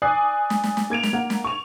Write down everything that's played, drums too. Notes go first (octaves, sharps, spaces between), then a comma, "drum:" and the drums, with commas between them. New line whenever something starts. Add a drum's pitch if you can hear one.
D5 G#5 D#6 F#6 C7
drum: snare
drum: snare
drum: snare
A#3 G#6 D7 F7
drum: snare
A#3 A#4 F#5
drum: snare
C#6 F7